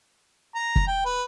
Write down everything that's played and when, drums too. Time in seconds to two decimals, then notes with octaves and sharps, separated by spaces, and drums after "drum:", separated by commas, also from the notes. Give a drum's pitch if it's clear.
0.55 A#5
0.76 drum: kick
0.87 G5
1.05 B4